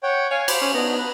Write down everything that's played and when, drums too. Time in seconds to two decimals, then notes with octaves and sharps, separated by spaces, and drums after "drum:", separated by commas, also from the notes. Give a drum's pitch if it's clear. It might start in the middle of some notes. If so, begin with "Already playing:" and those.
0.03 C#5 F#5 G5
0.31 C#5 F5 G#5
0.48 C5 B5 D6, drum: cymbal
0.61 C#4
0.74 B3 D4 D#4 A#5
0.98 B4